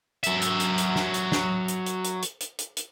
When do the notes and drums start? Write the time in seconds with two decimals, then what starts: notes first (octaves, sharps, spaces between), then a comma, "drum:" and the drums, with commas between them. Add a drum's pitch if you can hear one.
0.23 F#3 E5, drum: hi-hat
0.42 drum: hi-hat
0.60 drum: hi-hat
0.78 drum: hi-hat
0.96 drum: snare
1.14 drum: hi-hat
1.32 drum: snare
1.68 drum: hi-hat
1.86 drum: hi-hat
2.04 drum: hi-hat
2.22 drum: hi-hat
2.40 drum: hi-hat
2.58 drum: hi-hat
2.77 drum: hi-hat